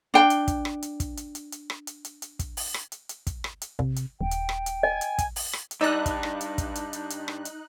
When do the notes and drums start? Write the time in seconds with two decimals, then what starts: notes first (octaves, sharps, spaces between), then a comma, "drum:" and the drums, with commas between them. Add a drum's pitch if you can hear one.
0.14 D4 G5
0.30 drum: hi-hat
0.48 drum: kick, hi-hat
0.65 drum: rim click
0.82 drum: hi-hat
1.00 drum: kick, hi-hat
1.17 drum: hi-hat
1.35 drum: hi-hat
1.52 drum: hi-hat
1.70 drum: rim click
1.87 drum: hi-hat
2.05 drum: hi-hat
2.22 drum: hi-hat
2.39 drum: kick, hi-hat
2.57 drum: open hi-hat
2.74 drum: rim click
2.92 drum: hi-hat
3.09 drum: hi-hat
3.27 drum: kick, hi-hat
3.44 drum: rim click
3.62 drum: hi-hat
3.79 C3, drum: kick
3.96 drum: hi-hat
4.21 D#1 G5
4.31 drum: hi-hat
4.49 drum: rim click
4.66 drum: hi-hat
4.83 D#5 G#5
5.01 drum: hi-hat
5.18 drum: kick, hi-hat
5.36 drum: open hi-hat
5.53 drum: rim click
5.71 drum: hi-hat
5.81 G2 D#4 D5 D#5 E6 F#6
6.06 drum: kick, hi-hat
6.23 drum: rim click
6.41 drum: hi-hat
6.58 drum: kick, hi-hat
6.75 drum: hi-hat
6.93 drum: hi-hat
7.10 drum: hi-hat
7.28 drum: rim click
7.45 drum: hi-hat